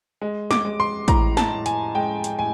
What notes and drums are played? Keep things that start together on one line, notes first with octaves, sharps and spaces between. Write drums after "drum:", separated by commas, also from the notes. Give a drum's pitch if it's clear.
G#3
D6, drum: snare
G#3
C6
A2 A#5, drum: kick, hi-hat
A5, drum: snare
A2
G#5, drum: hi-hat
G#3 G5
drum: hi-hat
A2 G#5